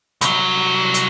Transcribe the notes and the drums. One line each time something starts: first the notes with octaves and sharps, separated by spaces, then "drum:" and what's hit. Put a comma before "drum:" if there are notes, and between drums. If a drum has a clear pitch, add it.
C2 F#3, drum: hi-hat
drum: hi-hat